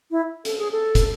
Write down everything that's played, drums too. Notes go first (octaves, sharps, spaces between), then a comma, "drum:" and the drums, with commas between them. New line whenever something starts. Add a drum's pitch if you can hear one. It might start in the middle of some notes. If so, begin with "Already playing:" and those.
E4
A4, drum: hi-hat
G#4
A4
drum: kick, hi-hat